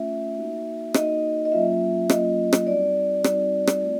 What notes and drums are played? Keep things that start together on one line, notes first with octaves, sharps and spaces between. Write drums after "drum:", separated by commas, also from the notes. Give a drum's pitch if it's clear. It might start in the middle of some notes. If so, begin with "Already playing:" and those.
Already playing: A3 C#4 F4 E5
A#3 D#4 F#4
A#3 D#4 F#4 D#5, drum: rim click
D#5
F#3 A#3 C#4 F4 E5
F#3 A#3 C#4 F4 D#5, drum: rim click
drum: rim click
G3 C4 D#4 F#4 D5
G3 C4 D#4 F#4 D5, drum: rim click
drum: rim click
A3 C4 F4